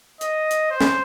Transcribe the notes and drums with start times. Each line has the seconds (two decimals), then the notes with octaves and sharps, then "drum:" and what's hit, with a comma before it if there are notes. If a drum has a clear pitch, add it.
0.21 D#5, drum: hi-hat
0.51 drum: hi-hat
0.71 C5
0.81 drum: snare